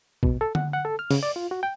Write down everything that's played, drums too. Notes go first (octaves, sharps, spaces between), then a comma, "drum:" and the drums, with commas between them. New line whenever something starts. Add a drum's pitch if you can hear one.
B2, drum: kick A#1
A4
F#5, drum: tom D3
F#5
A4
F6
C#3, drum: open hi-hat
D5
F4
F#4
G5